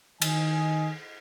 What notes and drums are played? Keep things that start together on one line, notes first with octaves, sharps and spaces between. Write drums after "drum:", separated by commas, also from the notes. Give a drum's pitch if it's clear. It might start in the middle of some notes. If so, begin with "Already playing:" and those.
D#3 D#5 G#5, drum: cymbal